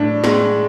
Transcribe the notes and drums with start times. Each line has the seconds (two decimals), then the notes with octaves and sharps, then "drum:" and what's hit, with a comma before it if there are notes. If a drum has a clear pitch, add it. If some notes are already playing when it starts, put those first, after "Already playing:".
Already playing: A2 D4
0.24 G#3, drum: snare